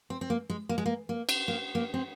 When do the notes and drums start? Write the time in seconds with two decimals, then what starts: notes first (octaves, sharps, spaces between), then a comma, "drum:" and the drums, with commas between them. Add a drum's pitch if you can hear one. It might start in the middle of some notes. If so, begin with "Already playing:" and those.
0.10 C4
0.21 C4
0.30 A#3
0.50 G#3
0.69 A#3
0.78 G#3
0.86 A#3
1.09 A#3
1.29 drum: cymbal
1.48 A#3
1.75 A#3
1.94 C4